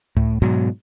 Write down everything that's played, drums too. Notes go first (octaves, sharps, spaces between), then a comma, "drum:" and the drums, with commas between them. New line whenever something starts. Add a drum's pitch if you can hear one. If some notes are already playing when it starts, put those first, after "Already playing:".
A2, drum: tom C#2
G#2 B2 F#3